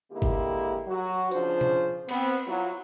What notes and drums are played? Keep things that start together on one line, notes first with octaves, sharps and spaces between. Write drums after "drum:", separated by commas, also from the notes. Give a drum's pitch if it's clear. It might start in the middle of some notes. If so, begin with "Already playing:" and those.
D3 G#3 A#3 E4 G4
drum: kick
F#3 F#4
C#3 F3 D4 F4 C5, drum: tambourine
drum: tom B2
B3 C4, drum: cymbal
F#3 E4 F4